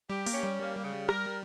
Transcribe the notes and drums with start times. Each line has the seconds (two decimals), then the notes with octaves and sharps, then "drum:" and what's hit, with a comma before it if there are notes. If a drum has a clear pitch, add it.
0.10 G3 G4
0.26 A#3, drum: open hi-hat
0.34 C#4
0.43 G3
0.59 A#3
0.84 C#3
1.09 A#4, drum: rim click